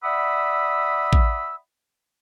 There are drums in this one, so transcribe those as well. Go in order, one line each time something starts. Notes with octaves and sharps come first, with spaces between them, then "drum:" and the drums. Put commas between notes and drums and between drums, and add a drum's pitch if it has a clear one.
D5 E5 F#5 B5 D#6 E6
drum: kick A1